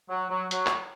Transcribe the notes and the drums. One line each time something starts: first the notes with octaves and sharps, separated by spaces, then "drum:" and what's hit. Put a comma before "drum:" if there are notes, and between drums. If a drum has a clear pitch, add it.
F#3
F#3
F#3, drum: hi-hat
drum: clap